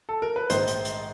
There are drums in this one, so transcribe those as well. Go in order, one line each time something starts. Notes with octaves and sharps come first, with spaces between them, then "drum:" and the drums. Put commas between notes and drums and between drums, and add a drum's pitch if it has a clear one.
A4
A#4
B4
A#1 G#2 D#3 G#3 C5, drum: hi-hat
drum: hi-hat
drum: hi-hat